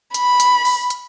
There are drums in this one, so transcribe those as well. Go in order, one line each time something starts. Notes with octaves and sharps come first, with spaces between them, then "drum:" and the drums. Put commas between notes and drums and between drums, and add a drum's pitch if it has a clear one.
B5, drum: hi-hat
drum: hi-hat
drum: open hi-hat
drum: hi-hat